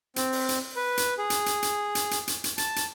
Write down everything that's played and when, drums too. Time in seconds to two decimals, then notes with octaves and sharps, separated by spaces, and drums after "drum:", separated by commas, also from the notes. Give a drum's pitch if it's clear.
0.16 C4, drum: hi-hat
0.32 drum: open hi-hat
0.49 drum: hi-hat
0.76 B4
0.97 drum: hi-hat
1.18 G#4
1.30 drum: hi-hat
1.46 drum: hi-hat
1.62 drum: hi-hat
1.95 drum: hi-hat
2.11 drum: hi-hat
2.28 drum: hi-hat
2.44 drum: hi-hat
2.58 A5, drum: hi-hat
2.76 drum: hi-hat